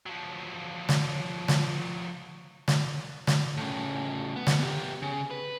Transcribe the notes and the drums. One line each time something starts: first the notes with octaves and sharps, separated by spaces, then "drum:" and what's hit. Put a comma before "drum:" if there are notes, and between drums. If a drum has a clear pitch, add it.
F3 F#3
drum: snare
drum: snare
drum: snare
drum: snare
A2 C#3
B3
drum: snare
B3 G4
C#3
B4